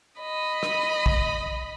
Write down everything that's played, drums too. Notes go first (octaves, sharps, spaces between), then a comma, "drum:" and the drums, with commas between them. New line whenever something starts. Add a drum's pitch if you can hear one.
D#5 B5
drum: rim click
drum: kick